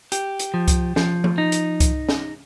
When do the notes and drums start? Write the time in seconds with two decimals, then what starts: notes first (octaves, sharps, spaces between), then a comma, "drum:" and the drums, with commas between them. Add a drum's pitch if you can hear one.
0.12 G4, drum: hi-hat
0.39 drum: hi-hat
0.54 F3
0.68 drum: kick C2, hi-hat
0.96 F3, drum: snare C#4
1.24 drum: tom F3
1.38 D#4
1.52 drum: hi-hat
1.80 drum: kick C2, hi-hat
2.09 drum: snare C#4